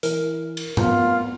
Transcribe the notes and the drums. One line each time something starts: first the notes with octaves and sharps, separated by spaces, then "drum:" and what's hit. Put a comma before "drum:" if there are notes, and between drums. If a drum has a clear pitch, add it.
E3 A#4, drum: hi-hat
drum: cymbal
B3 F4, drum: tom G2